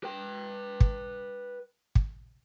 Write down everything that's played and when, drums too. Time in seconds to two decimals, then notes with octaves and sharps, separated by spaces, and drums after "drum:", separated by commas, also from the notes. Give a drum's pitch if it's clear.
0.04 B4 G5
0.80 drum: kick
1.95 drum: kick